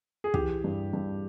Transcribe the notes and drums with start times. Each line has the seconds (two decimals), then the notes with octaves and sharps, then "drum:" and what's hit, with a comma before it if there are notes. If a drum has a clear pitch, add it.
0.24 G#4
0.34 E3 G4, drum: kick
0.64 G2
0.93 G2